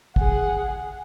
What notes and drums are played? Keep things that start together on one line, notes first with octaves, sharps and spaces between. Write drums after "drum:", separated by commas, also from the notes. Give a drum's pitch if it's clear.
G#4 F#5, drum: kick